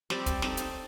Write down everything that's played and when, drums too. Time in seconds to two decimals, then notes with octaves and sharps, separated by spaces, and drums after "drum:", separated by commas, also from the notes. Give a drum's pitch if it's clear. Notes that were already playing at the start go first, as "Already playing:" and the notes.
0.10 G3 C4 G4 D5, drum: snare
0.26 drum: kick, hi-hat
0.42 C4 D#4 A4, drum: snare
0.57 drum: hi-hat